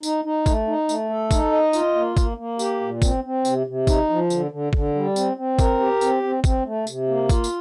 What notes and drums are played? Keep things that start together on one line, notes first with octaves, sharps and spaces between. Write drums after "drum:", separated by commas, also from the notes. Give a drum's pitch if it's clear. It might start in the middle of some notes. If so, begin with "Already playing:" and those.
D#4, drum: tambourine
D#4
A3, drum: kick, tambourine
D#4
A3, drum: tambourine
A4
D#4, drum: kick, tambourine
D#5
F4, drum: tambourine
A#3
A#3, drum: kick, tambourine
A#3
G4, drum: tambourine
A#2
C4, drum: kick, tambourine
C4
C3, drum: tambourine
C3
D#4, drum: kick, tambourine
F3
D3, drum: tambourine
D3
D3, drum: kick
G3
C4, drum: tambourine
C4
A#4, drum: kick, tambourine
G4
C4, drum: tambourine
C4
C4, drum: kick, tambourine
A3
C3, drum: tambourine
A#3
F4, drum: kick, tambourine
drum: tambourine